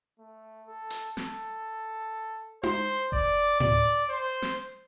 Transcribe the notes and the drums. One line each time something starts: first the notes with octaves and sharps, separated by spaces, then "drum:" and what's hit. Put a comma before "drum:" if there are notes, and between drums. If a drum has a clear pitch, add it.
A3
A4
drum: hi-hat
A4, drum: snare
C5, drum: tom D#4
D5, drum: kick F#1
D5, drum: tom A2
C5
drum: snare